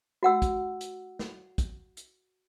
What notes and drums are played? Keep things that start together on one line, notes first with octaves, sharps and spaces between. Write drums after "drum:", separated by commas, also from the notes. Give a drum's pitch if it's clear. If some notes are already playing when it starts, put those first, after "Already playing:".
F#4 F#5 E6
drum: kick, hi-hat
drum: hi-hat
drum: snare
drum: kick, hi-hat
drum: hi-hat